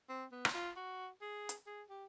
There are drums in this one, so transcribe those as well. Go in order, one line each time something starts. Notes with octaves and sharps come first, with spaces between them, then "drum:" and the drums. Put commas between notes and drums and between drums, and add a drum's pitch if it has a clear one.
C4
B3
drum: rim click
F4
F#4
G#4
drum: hi-hat
G#4
G4